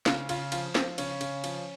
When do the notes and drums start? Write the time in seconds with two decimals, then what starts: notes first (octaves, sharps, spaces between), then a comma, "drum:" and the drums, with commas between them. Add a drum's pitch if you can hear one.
0.06 C#3 F4, drum: snare
0.29 C#3 F4, drum: cymbal
0.52 F3 F4, drum: cymbal
0.75 F3 C4, drum: snare
0.98 C#3 C#4, drum: cymbal
1.21 C#3, drum: cymbal
1.44 F3, drum: cymbal